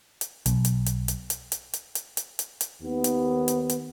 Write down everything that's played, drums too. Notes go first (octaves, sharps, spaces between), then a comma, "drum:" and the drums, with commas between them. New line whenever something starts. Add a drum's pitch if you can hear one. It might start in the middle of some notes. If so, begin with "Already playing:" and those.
drum: hi-hat
B1, drum: hi-hat
drum: hi-hat
drum: hi-hat
drum: hi-hat
drum: hi-hat
drum: hi-hat
drum: hi-hat
drum: hi-hat
drum: hi-hat
drum: hi-hat
drum: hi-hat
D#2 B3
drum: hi-hat
drum: hi-hat
drum: hi-hat